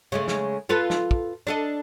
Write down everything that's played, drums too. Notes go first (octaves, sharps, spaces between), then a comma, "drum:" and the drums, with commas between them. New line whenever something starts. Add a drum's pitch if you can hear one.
C#3 G#3 A3
drum: snare
F4 A4 B4
drum: snare
drum: kick
D4 A4 D#5